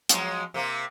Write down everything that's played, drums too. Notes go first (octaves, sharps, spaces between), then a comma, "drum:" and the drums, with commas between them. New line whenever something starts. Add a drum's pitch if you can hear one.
F3 F#3 G#3, drum: hi-hat
C3 A#3 C4